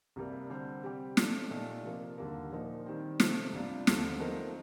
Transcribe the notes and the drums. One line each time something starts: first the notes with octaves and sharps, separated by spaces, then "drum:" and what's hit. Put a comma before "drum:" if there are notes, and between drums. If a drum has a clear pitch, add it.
C2 C3 G3 A#3
D3 G3 C4 G4 C5
C3 G3 C4 G4
F3 A3 D4, drum: snare
A#2 A3 D#4 A4
C3 F3 A#3 F4
D#2 D3 G3 A#3
A#2 F3 A#3 D#4
D#3 G3 C4
C3 F3 A3 C4, drum: snare
C2 C3 G3 D4 F4
D#2 D3 F3 A3, drum: snare
F3 A3 C4 D#4 A#4